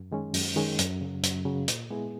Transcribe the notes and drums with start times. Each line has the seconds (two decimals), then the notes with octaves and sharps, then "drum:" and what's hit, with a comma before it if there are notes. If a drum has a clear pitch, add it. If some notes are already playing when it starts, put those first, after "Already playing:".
Already playing: F#2
0.12 D#3 G#3 C#4
0.34 F#2, drum: open hi-hat
0.56 D#3 G#3 C#4
0.79 F#2, drum: hi-hat
1.01 C#3 F#3
1.23 F#2, drum: hi-hat
1.45 C#3 F#3
1.68 A#2, drum: hi-hat
1.90 G#3 B3 E4 G#4